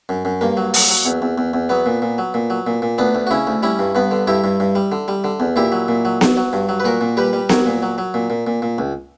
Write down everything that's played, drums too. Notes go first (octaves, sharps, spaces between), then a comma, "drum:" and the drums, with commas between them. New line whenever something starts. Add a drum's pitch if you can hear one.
F#2
F#2
G2 A#3
F#3
F#3, drum: open hi-hat
F#3
E2
E2
E2
E2
F#3 B3
A#2
A#2
F#3
A#2
F#3
A#2
A#2
D2 B3 D4
D2
F#4
C#3 C#4 E4
D2
G3 C#4 E4
G2
G2 B3
D3
G2 E4 G4
G2
G2
G3
D3
G3
D3
E2
A#2 E4 G4
F#3
A#2
F#3
F#3, drum: snare B3
F#3
G2
F#3
B4
A#2 F#4 A#4
A#2
G3 G4 B4
G3
F#3 A#4 C#5, drum: snare B3
A#2
F#3
F#3
A#2
A#2
A#2
A#2
C#2